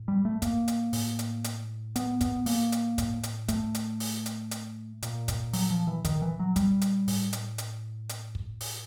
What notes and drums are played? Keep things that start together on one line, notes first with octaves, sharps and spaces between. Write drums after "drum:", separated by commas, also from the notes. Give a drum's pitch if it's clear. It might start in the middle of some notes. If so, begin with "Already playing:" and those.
Already playing: A2
G3
A3
A#3, drum: kick, hi-hat
drum: hi-hat
A2, drum: open hi-hat
drum: hi-hat
drum: hi-hat
B3, drum: hi-hat
B3, drum: kick, hi-hat
A#3, drum: open hi-hat
drum: hi-hat
A2, drum: kick, hi-hat
drum: hi-hat
A3, drum: kick, hi-hat
drum: hi-hat
drum: open hi-hat
drum: hi-hat
drum: hi-hat
A#2, drum: hi-hat
drum: kick, hi-hat
F#3, drum: open hi-hat
F3
E3
D#3, drum: kick, hi-hat
E3
F#3
G3, drum: kick, hi-hat
drum: hi-hat
A2, drum: open hi-hat
drum: hi-hat
drum: hi-hat
drum: hi-hat
drum: kick
drum: open hi-hat